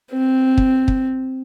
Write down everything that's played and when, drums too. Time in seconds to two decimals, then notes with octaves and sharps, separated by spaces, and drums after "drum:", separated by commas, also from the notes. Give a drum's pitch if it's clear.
0.12 C4
0.58 drum: kick
0.88 drum: kick